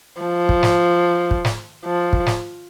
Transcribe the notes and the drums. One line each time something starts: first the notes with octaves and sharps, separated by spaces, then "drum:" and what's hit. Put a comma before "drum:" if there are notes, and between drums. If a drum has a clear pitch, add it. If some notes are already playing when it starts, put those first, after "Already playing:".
F3
drum: kick
drum: snare
drum: kick
drum: snare
F3
drum: kick
drum: snare